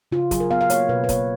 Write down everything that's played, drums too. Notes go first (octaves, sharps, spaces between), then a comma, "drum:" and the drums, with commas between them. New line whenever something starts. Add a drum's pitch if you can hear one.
C#3 F4
F#3 G#4, drum: kick, hi-hat
A#4
B3 F5
F5
A#3 C#5, drum: hi-hat
B2 B4
B4
A#3 C#5, drum: kick, hi-hat